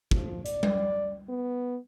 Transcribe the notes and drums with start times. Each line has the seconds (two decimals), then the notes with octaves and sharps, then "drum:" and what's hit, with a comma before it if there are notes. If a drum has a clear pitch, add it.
0.11 F3, drum: kick
0.46 D5, drum: hi-hat
0.63 drum: tom G3
1.29 B3